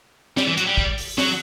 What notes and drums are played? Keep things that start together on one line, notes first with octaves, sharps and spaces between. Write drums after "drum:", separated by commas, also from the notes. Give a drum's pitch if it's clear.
G3, drum: snare
E3
F#3, drum: hi-hat
G3
drum: kick
drum: open hi-hat
F#3, drum: snare